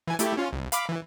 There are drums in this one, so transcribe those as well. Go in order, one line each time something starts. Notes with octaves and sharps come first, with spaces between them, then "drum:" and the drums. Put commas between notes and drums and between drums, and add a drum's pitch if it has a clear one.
E3 G#5
A3 E4 G4, drum: hi-hat
C#4 F4
C2
F5 B5 D6, drum: hi-hat
E3